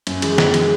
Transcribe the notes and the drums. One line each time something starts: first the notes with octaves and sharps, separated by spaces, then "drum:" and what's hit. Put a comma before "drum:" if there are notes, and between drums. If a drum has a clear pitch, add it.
F#2, drum: cymbal
E3 G#3, drum: cymbal
F#2, drum: snare
E3 G#3, drum: cymbal